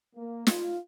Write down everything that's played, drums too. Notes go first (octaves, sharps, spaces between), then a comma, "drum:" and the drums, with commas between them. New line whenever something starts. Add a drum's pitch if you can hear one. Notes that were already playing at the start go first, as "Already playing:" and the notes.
A#3
F4, drum: snare